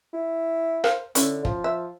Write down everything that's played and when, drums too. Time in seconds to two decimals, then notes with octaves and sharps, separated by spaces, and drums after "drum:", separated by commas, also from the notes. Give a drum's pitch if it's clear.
0.13 E4
0.84 A#4 C5 F5, drum: rim click
1.15 D3 C#4 E4, drum: hi-hat
1.45 F3, drum: kick
1.64 E5